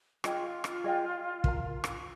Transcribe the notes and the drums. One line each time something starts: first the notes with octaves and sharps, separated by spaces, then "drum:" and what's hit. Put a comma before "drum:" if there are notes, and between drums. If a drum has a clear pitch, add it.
F4 G#4 D#5 G5, drum: rim click
drum: rim click
G#4 D#5 G5
A#4 F5 A#5, drum: kick
drum: rim click